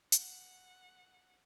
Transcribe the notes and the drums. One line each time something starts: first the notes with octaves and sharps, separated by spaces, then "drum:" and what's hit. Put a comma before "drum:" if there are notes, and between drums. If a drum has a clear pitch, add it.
F#5, drum: hi-hat